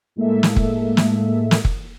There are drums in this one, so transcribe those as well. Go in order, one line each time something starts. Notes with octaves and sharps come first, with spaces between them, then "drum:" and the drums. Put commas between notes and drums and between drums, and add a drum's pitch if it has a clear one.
A2 G#3 A#3 A4 E5
drum: snare
drum: kick F#1
drum: snare
drum: snare
drum: kick F#1